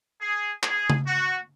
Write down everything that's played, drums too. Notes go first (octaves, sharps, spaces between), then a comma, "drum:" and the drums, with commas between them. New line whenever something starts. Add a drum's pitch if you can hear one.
G#4
G#4, drum: clap
drum: tom C#3
F#4